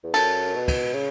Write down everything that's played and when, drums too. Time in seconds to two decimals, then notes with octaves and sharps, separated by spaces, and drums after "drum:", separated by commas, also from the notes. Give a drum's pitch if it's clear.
0.04 E2
0.14 F#2 A4, drum: cymbal
0.55 B2
0.68 drum: kick, cymbal
0.95 C#3